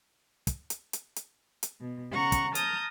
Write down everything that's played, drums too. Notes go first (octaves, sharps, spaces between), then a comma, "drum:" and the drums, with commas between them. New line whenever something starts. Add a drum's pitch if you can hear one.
drum: kick, hi-hat
drum: hi-hat
drum: hi-hat
drum: hi-hat
drum: hi-hat
B2
C#3 F#5 A#5 C#6
drum: kick, hi-hat
A5 A#5 D#6 F6 G6, drum: hi-hat